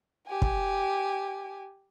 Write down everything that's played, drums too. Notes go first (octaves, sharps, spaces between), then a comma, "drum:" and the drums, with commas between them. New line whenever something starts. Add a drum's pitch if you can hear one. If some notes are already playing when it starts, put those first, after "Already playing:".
G4 G#5
drum: kick